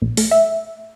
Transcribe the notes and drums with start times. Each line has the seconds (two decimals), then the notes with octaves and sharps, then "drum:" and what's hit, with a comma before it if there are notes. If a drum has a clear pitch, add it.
0.02 A#1
0.17 A3, drum: open hi-hat
0.31 E5